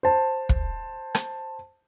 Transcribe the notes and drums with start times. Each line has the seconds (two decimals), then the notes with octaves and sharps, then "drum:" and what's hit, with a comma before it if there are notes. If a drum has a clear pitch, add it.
0.03 C5 A5
0.49 drum: kick
1.15 drum: rim click